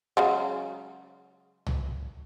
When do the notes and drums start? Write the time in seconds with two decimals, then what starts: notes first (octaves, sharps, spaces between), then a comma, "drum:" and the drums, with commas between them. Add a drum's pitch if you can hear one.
0.17 C#3 F#3 G#3
1.66 drum: tom C2